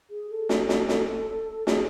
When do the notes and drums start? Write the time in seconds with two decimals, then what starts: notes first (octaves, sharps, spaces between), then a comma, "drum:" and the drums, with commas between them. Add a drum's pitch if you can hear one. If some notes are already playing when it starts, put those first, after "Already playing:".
0.10 G#4
0.30 A4
0.49 drum: snare
0.69 drum: snare
0.89 drum: snare
1.67 G#4, drum: snare